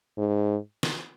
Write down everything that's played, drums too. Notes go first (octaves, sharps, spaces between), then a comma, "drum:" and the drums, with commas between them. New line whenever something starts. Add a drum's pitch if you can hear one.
G#2
drum: snare